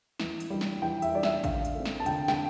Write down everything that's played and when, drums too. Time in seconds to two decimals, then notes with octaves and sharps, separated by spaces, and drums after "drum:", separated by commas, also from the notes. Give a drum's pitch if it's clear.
0.20 E3, drum: snare
0.40 drum: hi-hat
0.50 G3 D4
0.61 drum: snare
0.82 E3 G5
1.02 E5, drum: hi-hat
1.13 G3 D4 D5
1.23 E5, drum: snare
1.44 D3 F5, drum: kick A1, hi-hat
1.65 drum: hi-hat
1.75 A3 C4
1.85 drum: snare
2.00 A5
2.06 D3 G5, drum: hi-hat
2.28 G5, drum: snare